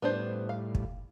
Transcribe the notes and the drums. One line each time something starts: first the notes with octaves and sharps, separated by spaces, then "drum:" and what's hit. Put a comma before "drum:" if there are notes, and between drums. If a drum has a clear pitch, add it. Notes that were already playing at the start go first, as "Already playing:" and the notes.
A2 G3 B3 D4 C5
F5
drum: kick